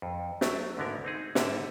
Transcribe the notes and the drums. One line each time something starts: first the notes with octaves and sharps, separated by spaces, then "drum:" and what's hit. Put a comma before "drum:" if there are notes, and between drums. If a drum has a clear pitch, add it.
F2
F#3 A3, drum: snare
D2 G#2 D3 B3 A#4
C4 D#4 G#4
G#2 D3 G3 E5 F#5 A5, drum: snare